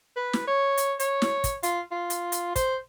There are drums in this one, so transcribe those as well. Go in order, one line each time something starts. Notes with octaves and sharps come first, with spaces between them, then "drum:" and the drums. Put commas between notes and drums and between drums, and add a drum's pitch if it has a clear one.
B4
drum: snare
C#5
drum: hi-hat
C#5, drum: hi-hat
drum: snare
drum: kick, hi-hat
F4, drum: hi-hat
F4
drum: hi-hat
drum: hi-hat
C5, drum: kick, hi-hat